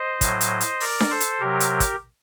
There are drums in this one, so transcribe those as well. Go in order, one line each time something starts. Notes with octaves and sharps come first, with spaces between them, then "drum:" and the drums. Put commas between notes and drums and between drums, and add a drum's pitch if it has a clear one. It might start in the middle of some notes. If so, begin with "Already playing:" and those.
Already playing: C5 D#5
A2 F#3, drum: kick, hi-hat
drum: hi-hat
drum: hi-hat
A#4 D5, drum: open hi-hat
drum: snare D4
A4 C5
drum: hi-hat
C3 F#3 G4 A#4
drum: hi-hat
drum: kick, hi-hat